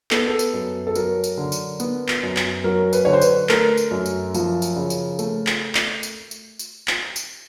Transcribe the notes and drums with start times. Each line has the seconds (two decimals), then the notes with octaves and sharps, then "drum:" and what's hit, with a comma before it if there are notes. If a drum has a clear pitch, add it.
0.11 B3 A4, drum: clap
0.28 A4
0.39 drum: tambourine
0.53 F#2
0.87 A4
0.95 F#3 A#4, drum: tambourine
1.24 drum: tambourine
1.37 D3
1.52 drum: tambourine
1.80 B3, drum: tambourine
2.08 drum: clap
2.23 F#2
2.36 drum: clap
2.64 F#3 A#4
2.93 B4, drum: tambourine
3.05 D3 C#5
3.13 C5
3.21 B4, drum: tambourine
3.49 A3 A#4, drum: clap
3.77 drum: tambourine
3.91 F#2
4.06 drum: tambourine
4.34 F3, drum: tambourine
4.62 drum: tambourine
4.76 C#3
4.90 drum: tambourine
5.19 A3, drum: tambourine
5.47 drum: clap
5.75 drum: clap
6.03 drum: tambourine
6.31 drum: tambourine
6.59 drum: tambourine
6.88 drum: clap
7.16 drum: tambourine